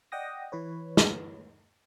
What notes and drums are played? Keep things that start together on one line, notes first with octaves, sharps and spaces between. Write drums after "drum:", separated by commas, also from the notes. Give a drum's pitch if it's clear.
D5 D#5 F#5 G5 D#6 A#6
E3 B4 C#5
drum: snare